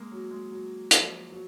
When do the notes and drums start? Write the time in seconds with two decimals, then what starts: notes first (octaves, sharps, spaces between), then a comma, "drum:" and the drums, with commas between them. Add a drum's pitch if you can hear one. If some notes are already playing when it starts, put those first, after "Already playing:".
Already playing: G#3 A#3
0.12 F#3
0.31 G#3
0.51 F#3
0.91 F3, drum: hi-hat
1.32 F#3